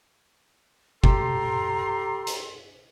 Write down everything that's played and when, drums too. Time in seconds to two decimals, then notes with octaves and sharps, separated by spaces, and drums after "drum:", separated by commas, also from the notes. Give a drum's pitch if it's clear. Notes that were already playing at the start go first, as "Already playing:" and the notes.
1.04 G4 A4 A#5 C6, drum: kick F#1
2.27 drum: hi-hat